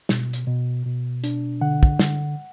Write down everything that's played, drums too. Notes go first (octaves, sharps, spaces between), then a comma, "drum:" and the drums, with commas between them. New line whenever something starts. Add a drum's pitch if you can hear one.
B2, drum: snare
drum: hi-hat
B2
B2
D4, drum: hi-hat
D3 F#5
drum: kick
D3, drum: snare